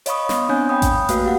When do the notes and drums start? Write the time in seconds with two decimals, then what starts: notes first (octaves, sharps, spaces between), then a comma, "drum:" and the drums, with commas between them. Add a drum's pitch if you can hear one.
0.06 C#5 D#5 F5 B5 C#6 D#6, drum: hi-hat
0.29 B3, drum: snare
0.49 B3 C4 D4 C#5 G#5 G6
0.69 F5 G5 B5 D#6
0.82 drum: kick A1, hi-hat
1.09 A3 A#3 F#4 B4 F5, drum: hi-hat
1.25 G4 F5 F#5